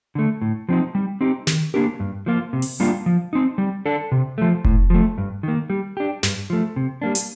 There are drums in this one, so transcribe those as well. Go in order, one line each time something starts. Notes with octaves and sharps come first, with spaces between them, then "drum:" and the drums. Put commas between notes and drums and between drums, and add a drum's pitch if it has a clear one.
D3 A3
A2
F3 C4 D#4
G3
C4 D#4 G4
D#3, drum: snare
A#3 D4 G4 A#4
G2
F3 A#3 F4
C3
drum: open hi-hat
G3 A#3 D4 F4
F3
C4 D#4
G3
D4 A4
C3
F3 A3
A2, drum: kick F1
F3 A3
G2
D#3 A#3
G3
D4 G4
G2, drum: snare
F3 A3
C3
G3 A#3 D4
drum: hi-hat